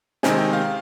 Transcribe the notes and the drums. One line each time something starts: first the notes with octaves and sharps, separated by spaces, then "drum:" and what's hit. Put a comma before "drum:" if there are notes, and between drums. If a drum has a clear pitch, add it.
C3 D#3 G#3 C4 D#4 G#5, drum: snare
G5
F5